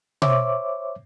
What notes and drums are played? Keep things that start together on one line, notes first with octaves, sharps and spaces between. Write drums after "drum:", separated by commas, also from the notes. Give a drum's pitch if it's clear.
C5 C#5 E5 D6, drum: tom B2